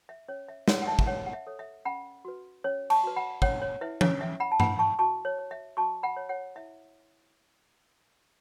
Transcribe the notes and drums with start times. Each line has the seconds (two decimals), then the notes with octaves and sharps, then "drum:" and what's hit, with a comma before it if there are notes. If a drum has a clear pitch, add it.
0.09 E5
0.28 C#4 C#5
0.48 E5
0.68 A4 C#5 F#5, drum: snare
0.82 F#5
0.87 E5 A5
0.99 E5, drum: kick
1.07 C#4 C#5 F#5
1.26 F#5
1.33 E5
1.47 A4 C#5
1.59 E5
1.85 C#4 F#5 B5
2.25 F#4 B4
2.64 C#4 C#5
2.90 A5 C#6, drum: cymbal
3.03 F#4 B4
3.16 F#5 B5
3.42 C#4 C#5 F#5, drum: kick
3.62 C#5
3.81 E4 B4 E5
4.01 C#5, drum: tom E3
4.20 C#4 E5
4.40 F#5 B5
4.51 A5
4.60 E4 B4 F#5 B5, drum: tom G2
4.79 A5 C#6
4.99 F#4 A5 C#6
5.25 C#5
5.39 C#5
5.51 E5
5.77 F#4 A5 C#6
6.03 F#5 B5
6.17 C#5
6.29 C#5 F#5
6.56 E4 E5